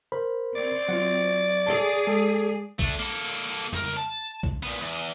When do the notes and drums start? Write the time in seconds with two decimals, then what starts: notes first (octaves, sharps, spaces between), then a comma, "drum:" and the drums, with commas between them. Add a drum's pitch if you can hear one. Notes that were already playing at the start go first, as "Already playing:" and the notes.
0.12 A#4 C5 B5
0.56 C4 D5
0.89 F#3 F4 F#5
1.67 G#4 A4 C#5 A5
2.07 G#3 A4
2.79 A3 D4, drum: kick A#1
2.99 A#3 A4, drum: open hi-hat
3.73 C#2 A#4, drum: tom
3.97 A5
4.43 drum: kick A#1
4.63 A#2 B3
4.81 E2